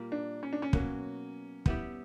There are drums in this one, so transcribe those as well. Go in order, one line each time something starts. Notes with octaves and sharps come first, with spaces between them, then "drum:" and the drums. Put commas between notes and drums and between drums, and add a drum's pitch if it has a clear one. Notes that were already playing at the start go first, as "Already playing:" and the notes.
Already playing: A#2 G3 A#3
D4
C#4
D4
C#4
B2 F#3 A#3, drum: kick
G3 B3 E4 G4, drum: kick